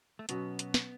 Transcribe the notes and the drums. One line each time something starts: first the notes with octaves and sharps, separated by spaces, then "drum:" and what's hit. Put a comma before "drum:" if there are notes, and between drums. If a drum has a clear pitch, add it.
A3
B2 F#3 B3 C#4 F#4, drum: hi-hat
drum: hi-hat
drum: snare